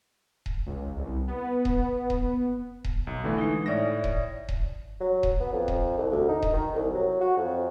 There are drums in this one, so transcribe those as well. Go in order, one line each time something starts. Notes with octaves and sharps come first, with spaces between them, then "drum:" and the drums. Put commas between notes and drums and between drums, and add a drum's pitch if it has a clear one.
drum: kick D#1
C#2
C2
B3
drum: kick D#1
drum: kick D#1
drum: kick D#1
B1
D3 E3 A3
G#3 D#4
A2 C#5 D5 E5 A#6
drum: kick D#1
drum: kick D#1
F#3
drum: kick D#1
B3
F2
drum: kick D#1
C2
D2
D#4
drum: kick D#1
D#3
C2
F#3
F#4
F2